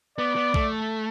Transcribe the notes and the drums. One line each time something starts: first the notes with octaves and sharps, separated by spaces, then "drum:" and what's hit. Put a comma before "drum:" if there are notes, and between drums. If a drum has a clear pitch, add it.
B3 D5
B3
A3, drum: kick